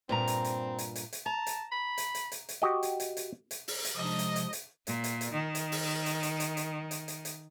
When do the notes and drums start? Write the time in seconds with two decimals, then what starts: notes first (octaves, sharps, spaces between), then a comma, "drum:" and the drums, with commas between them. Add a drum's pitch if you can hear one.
0.09 G2 A#2 C4 A#5
0.27 drum: hi-hat
0.44 drum: hi-hat
0.79 drum: hi-hat
0.96 drum: hi-hat
1.13 drum: hi-hat
1.26 A5 A#5
1.47 drum: hi-hat
1.72 B5
1.98 drum: hi-hat
2.15 drum: hi-hat
2.32 drum: hi-hat
2.49 drum: hi-hat
2.62 F#4 G4 D#5
2.83 drum: hi-hat
3.00 drum: hi-hat
3.17 drum: hi-hat
3.51 drum: hi-hat
3.68 drum: open hi-hat
3.85 drum: hi-hat
3.96 C3 F3 G#3 D4 D#4 D#5
4.19 drum: hi-hat
4.36 drum: hi-hat
4.53 drum: hi-hat
4.87 A#2, drum: hi-hat
5.04 drum: hi-hat
5.21 drum: hi-hat
5.32 D#3
5.55 drum: hi-hat
5.72 drum: open hi-hat
6.06 drum: hi-hat
6.23 drum: hi-hat
6.40 drum: hi-hat
6.57 drum: hi-hat
6.91 drum: hi-hat
7.08 drum: hi-hat
7.25 drum: hi-hat